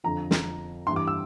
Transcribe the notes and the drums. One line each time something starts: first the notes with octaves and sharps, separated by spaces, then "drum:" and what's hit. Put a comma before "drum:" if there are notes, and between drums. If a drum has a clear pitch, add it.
F2 D3 F3 A#5
drum: snare
G2 E3 G3 C6
D6
E6